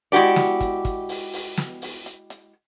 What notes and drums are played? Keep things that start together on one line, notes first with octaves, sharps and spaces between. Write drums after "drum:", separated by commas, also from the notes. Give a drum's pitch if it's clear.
G#3 E4 F#4 G4 D5, drum: hi-hat
drum: snare
drum: kick, hi-hat
drum: kick, hi-hat
drum: open hi-hat
drum: open hi-hat
drum: snare
drum: open hi-hat
drum: hi-hat
drum: hi-hat